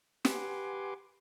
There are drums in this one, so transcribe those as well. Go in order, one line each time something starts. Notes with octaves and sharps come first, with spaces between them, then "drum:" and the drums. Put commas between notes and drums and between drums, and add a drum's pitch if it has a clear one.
G4 B4 F#5 G#5 C6 D6, drum: snare